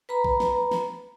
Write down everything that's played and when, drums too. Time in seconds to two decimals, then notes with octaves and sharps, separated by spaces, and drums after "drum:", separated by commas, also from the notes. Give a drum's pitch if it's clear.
0.09 B4 A#5 B5
0.24 drum: kick
0.40 drum: snare
0.71 drum: snare